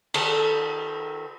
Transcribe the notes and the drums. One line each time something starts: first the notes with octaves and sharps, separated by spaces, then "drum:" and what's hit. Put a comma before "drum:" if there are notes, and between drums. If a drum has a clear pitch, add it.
D#3 A4, drum: cymbal